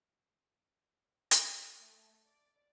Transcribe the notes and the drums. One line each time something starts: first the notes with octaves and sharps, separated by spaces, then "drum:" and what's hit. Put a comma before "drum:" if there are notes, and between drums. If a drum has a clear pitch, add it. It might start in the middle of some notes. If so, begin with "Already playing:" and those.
drum: hi-hat
A3
D5